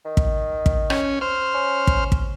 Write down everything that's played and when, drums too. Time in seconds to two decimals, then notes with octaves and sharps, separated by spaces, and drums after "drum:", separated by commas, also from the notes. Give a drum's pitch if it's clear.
0.05 D#3
0.17 drum: kick
0.66 drum: kick
0.90 C#4, drum: rim click
1.21 C5 F6
1.54 C#4
1.87 drum: kick
2.12 drum: kick